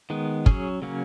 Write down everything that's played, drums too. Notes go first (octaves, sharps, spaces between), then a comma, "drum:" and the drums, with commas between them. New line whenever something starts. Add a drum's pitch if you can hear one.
D#3 G#3 B3
F#3 C#4 G#4, drum: kick
C#3 F#3 A#3 C#4